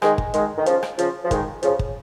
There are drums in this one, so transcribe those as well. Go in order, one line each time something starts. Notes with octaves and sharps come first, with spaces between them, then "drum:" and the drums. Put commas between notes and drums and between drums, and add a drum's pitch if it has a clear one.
D#3 G#3, drum: rim click
drum: kick
D#3 G#3, drum: hi-hat
D#3
C#3 F3, drum: hi-hat
drum: rim click
C#3 F3, drum: hi-hat
F3
D#3 G#3, drum: kick, hi-hat
C#3 F3, drum: hi-hat
drum: kick